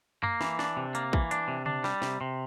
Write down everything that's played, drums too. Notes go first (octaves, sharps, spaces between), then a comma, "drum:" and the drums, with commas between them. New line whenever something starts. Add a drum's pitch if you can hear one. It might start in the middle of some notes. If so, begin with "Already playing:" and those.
A#3, drum: tom F#2
E3, drum: snare
D4, drum: snare
C3
A#3, drum: hi-hat
E3, drum: kick
D4, drum: hi-hat
C3
D4, drum: tom C#3
G3, drum: snare
C3, drum: snare
C3